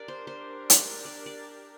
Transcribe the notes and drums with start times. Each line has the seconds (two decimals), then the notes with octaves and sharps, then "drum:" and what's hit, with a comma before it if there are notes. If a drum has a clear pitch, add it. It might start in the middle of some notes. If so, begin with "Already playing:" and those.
Already playing: D4 G4 A#4 D5
0.08 C5
0.27 C5
0.70 drum: hi-hat
1.05 D5
1.26 D5